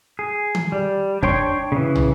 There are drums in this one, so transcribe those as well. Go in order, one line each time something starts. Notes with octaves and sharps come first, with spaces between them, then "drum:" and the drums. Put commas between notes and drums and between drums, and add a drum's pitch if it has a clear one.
G#4
drum: tom D#3
G3
D4 C#5 G5 C6 C#6, drum: kick
C#3 E3
drum: tom